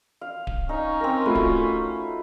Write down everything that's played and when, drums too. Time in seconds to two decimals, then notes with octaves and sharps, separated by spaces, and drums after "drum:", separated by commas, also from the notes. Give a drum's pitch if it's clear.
0.21 F5
0.47 drum: kick D1
0.69 C#4 D#4 F5
1.00 C4 A#4
1.26 A3 F4 F#4 B4
1.35 drum: kick D1